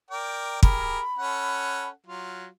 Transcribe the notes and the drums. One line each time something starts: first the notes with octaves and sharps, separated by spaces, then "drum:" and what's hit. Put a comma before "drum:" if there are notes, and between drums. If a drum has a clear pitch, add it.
A#4 D5 G5
G4 G#4 A#4 B5, drum: kick
C#4 A4 F#5
F#3 F4